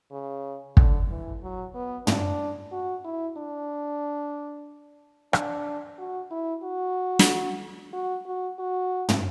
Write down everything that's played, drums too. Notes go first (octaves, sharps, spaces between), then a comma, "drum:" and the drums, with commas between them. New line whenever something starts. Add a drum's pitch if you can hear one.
C#3
D3, drum: kick
E3
F#3
B3
D4, drum: tom
F#4
E4
D4
D4, drum: rim click
F#4
E4
F#4
drum: snare
F#4
F#4
F#4
drum: tom